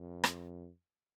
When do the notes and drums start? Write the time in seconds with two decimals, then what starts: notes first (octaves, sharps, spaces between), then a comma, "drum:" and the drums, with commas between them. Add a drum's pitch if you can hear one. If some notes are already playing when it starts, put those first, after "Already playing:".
Already playing: F2
0.24 drum: rim click